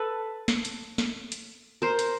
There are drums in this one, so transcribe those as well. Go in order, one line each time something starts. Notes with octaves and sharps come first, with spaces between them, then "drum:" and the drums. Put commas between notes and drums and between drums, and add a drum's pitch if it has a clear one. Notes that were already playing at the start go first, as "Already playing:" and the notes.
Already playing: A4 B4
drum: snare
drum: hi-hat
drum: snare
drum: hi-hat
A#4 C5
drum: hi-hat